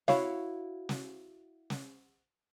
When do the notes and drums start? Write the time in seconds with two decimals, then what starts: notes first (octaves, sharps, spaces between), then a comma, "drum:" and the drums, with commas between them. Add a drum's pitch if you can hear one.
0.08 E4 F#4 C#5 F5, drum: snare
0.89 drum: snare
1.70 drum: snare